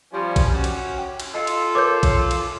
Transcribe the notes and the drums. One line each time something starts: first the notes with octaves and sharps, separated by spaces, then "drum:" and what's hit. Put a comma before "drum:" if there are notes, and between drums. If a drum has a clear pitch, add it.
F3 G3 C#4
drum: kick A#1, cymbal
C#4 F#4 G4
drum: cymbal
G5
drum: cymbal
F4 A4 D#5
drum: cymbal
A#4 B4 C#5 D6 G6
drum: kick A#1, cymbal
drum: cymbal